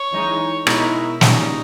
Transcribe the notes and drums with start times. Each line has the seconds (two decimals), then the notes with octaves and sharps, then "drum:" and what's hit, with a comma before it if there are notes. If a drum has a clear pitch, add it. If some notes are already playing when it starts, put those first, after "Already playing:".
Already playing: C#5
0.13 E3 G#3 D#4
0.67 B2 G#3 D#4 E4 A#4 C#5, drum: rim click
1.21 A#2 G3 C#4 D#4, drum: snare